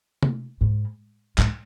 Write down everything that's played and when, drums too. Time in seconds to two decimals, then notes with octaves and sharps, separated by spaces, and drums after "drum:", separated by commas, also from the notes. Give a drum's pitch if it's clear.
0.23 drum: tom C3
0.61 G#2
1.38 G#2, drum: clap